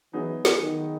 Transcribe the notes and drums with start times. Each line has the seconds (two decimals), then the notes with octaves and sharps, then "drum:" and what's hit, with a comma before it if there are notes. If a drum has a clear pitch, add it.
0.13 E3 F#3 B3 D#4 G#4
0.45 drum: snare
0.61 D#3